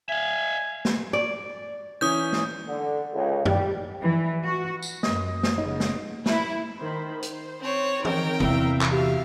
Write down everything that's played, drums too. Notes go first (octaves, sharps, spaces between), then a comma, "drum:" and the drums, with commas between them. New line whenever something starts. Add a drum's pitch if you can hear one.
E5 F5 G#5
drum: snare
D5
E3 C#4 D#6 G6
drum: snare
D3
C#2
G3, drum: tom F#2
E3
F#4
drum: tambourine
F#2 D#5, drum: snare
drum: snare
F#1 C#3 B3 D#4
drum: snare
E4, drum: snare
D#3 C5 B5
C5, drum: hi-hat
C4 C#5
D#3 C4 D#4 A#4 C#5 G5, drum: tom
E2 C3 E5 F5 A#5, drum: tom D3
drum: clap
F#4 G4 E5 F5